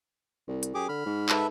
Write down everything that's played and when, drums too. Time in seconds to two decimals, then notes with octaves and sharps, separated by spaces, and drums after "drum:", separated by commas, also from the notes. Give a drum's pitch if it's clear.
0.48 C2
0.63 drum: hi-hat
0.74 F#2 G4 G#4 D6
0.89 D3 B5 F6
1.06 G#2
1.29 A4 B4 E5, drum: clap